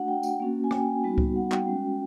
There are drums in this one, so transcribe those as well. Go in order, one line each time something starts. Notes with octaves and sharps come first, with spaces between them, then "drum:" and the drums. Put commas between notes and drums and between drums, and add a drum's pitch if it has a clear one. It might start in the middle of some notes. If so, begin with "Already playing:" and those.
Already playing: A3 D4 F#4 F#5
G5
drum: tambourine
A#3 C#4 F#4
G#5
G5, drum: rim click
G3 B3 D#4 F#4
drum: kick C#2
F#5
G5, drum: clap
G#3 C#4 F#4